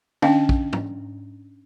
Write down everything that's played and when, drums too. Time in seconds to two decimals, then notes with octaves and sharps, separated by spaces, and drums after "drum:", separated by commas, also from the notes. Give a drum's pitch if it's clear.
0.22 C#4 D4 D#5 F5 G5, drum: tom
0.49 drum: kick A#1
0.73 drum: tom